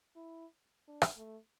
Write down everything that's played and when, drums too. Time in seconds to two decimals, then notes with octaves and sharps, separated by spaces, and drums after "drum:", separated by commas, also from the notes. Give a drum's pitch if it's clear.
0.15 E4
0.88 D4
1.02 drum: rim click
1.16 A3